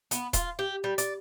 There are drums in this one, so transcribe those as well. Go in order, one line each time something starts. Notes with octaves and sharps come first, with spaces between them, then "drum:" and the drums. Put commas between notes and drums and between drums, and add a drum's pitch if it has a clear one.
B3, drum: hi-hat
F4, drum: kick D#1, hi-hat
G4
G3
D5, drum: hi-hat